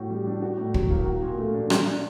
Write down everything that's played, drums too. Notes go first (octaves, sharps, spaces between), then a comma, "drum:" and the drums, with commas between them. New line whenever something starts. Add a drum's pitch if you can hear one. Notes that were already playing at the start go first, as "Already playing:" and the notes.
Already playing: A2 F#4
G3
D4
F#4
A2
F#3, drum: kick
A#3
F#4
A#2
A3
D4
D4, drum: rim click